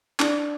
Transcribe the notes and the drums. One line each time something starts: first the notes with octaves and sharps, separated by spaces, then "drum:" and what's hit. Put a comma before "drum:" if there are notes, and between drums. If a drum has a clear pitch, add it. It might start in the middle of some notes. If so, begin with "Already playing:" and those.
D4, drum: clap